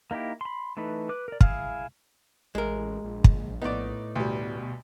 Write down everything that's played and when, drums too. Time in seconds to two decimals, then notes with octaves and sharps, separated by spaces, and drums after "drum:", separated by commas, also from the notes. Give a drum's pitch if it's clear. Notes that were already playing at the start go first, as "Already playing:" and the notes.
0.11 A#3 D#4 E4 G4
0.41 B5 C6
0.77 E3 A3 D#4 B4
1.09 B4 D6 F#6
1.28 A#4 D5
1.41 E4 G#4 F5 F6, drum: kick
2.55 A1 G#3 A#4
3.04 A#1
3.24 drum: kick
3.62 A2 B3 D#4 D5
4.15 D2 B2 G3